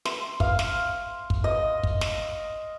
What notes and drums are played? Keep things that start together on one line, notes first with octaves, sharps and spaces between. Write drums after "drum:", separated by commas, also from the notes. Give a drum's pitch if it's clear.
C6, drum: snare
F5, drum: kick
drum: snare
drum: kick
D#5
drum: kick
drum: snare